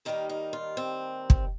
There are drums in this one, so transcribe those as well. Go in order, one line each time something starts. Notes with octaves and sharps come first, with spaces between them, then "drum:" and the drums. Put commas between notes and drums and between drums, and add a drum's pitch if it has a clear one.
D#2 D#3 G3 A#3 D#4
D#4
F4
C4
drum: kick